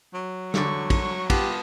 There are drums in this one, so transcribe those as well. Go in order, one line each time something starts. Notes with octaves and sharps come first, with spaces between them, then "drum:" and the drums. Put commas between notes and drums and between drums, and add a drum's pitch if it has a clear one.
F#3
E2 D3 C#6, drum: snare
C#6, drum: kick, cymbal
B3 F4 G4 A5, drum: kick, cymbal